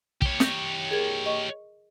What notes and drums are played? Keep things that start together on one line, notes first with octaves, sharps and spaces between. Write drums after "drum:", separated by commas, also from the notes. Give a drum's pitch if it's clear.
G4 C#5, drum: kick
G6 A#6, drum: snare
G#4 A#4 G#6
D#5 C#6